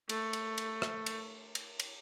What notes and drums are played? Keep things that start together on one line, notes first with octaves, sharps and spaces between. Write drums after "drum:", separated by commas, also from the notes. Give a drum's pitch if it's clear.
A3, drum: cymbal
drum: cymbal
drum: cymbal
drum: rim click
drum: cymbal
drum: cymbal
drum: cymbal